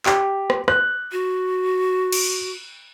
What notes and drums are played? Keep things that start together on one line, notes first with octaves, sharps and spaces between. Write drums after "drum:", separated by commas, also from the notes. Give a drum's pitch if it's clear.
G4, drum: clap
drum: rim click
F#6, drum: rim click
F#4
drum: cymbal